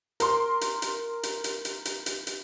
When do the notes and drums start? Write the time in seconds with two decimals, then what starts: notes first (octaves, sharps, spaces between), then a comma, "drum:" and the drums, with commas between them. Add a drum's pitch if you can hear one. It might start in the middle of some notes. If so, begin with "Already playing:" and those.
0.20 A#4 C6, drum: hi-hat
0.61 drum: hi-hat
0.82 drum: hi-hat
1.23 drum: hi-hat
1.44 drum: hi-hat
1.65 drum: hi-hat
1.85 drum: hi-hat
2.06 drum: hi-hat
2.27 drum: hi-hat